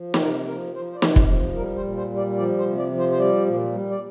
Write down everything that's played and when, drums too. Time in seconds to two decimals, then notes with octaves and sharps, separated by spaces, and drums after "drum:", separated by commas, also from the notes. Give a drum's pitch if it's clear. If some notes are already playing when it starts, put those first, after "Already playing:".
Already playing: F3
0.14 G4, drum: snare
0.20 C3 A#4
0.48 F3 A#4
0.75 F3 C5
0.91 C5
0.95 D5
1.02 C3, drum: snare
1.16 C5, drum: kick
1.29 F3
1.56 G3 A#4
1.76 C5
1.84 A#2
1.97 C5
2.10 G3
2.17 D5
2.37 F3 D5
2.58 C5
2.65 C3
2.78 D5
2.92 F3
2.99 C5
3.11 C5
3.19 G3 D5
3.46 A#2
3.73 G3
3.91 D5